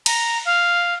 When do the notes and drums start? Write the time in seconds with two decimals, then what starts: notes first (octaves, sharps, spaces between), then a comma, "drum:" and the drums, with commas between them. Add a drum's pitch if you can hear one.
0.06 A#5, drum: cymbal
0.45 F5